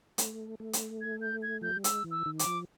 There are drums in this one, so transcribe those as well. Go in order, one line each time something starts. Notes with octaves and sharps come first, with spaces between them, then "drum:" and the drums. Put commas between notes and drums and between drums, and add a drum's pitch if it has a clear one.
A3, drum: hi-hat
A3
drum: hi-hat
G#6
G6
G#6
F3 G6
F#3
G3
G#3 E6, drum: hi-hat
E3
E6
D#3
D6, drum: hi-hat
F3